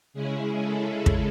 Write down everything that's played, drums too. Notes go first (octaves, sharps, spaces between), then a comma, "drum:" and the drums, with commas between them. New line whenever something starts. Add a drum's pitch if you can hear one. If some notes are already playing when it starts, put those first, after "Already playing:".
C#3 G#3 C#4 E4 G#4
A4
drum: kick